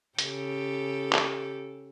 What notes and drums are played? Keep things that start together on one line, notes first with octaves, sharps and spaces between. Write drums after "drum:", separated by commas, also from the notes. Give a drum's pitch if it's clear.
C#3 G4 A4, drum: hi-hat
drum: clap